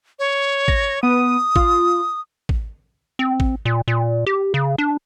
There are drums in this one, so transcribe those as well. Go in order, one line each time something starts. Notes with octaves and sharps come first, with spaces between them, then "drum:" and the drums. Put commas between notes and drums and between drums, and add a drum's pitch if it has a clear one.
C#5
A#6, drum: kick
B3 D#6 D#7
F4, drum: kick
drum: kick
C4
drum: kick
A#2
A#2
G4
C#3
D4